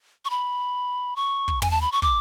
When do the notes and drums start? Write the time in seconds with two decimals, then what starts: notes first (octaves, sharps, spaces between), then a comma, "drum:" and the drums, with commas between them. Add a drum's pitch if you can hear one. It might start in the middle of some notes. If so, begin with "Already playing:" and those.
0.25 C#6
0.30 B5
1.16 C#6
1.48 drum: kick
1.62 G#5, drum: tom
1.71 A5
1.81 B5
1.92 C#6
2.02 D6, drum: kick